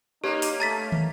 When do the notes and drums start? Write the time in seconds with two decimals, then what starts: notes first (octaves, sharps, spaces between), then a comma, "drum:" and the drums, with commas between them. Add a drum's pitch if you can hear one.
0.24 A#3 C#4 D#4 G4 B4
0.42 drum: open hi-hat
0.60 A3 A#5 A6 B6
0.92 drum: tom